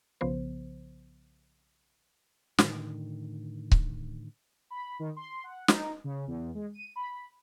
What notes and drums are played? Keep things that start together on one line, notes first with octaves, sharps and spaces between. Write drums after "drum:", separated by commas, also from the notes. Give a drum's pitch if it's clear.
B1 C#3 F3 B3 C5
A2 D3 D#3, drum: snare
drum: kick C#1
B5
D#3
C6
F#5
D#4, drum: snare
C#3
E2
G#3
D#7
B5